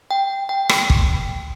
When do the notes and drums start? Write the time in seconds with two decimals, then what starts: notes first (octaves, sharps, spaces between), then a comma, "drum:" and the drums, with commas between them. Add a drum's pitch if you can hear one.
0.11 G5
0.49 G5
0.69 drum: rim click
0.90 drum: kick